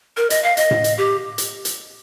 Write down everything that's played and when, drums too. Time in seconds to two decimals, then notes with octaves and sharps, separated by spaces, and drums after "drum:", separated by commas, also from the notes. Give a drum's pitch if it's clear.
0.17 A#4
0.30 D#5, drum: hi-hat
0.43 F5
0.57 D#5, drum: hi-hat
0.71 drum: tom A2
0.84 drum: hi-hat
0.98 G4
1.38 drum: hi-hat
1.65 drum: hi-hat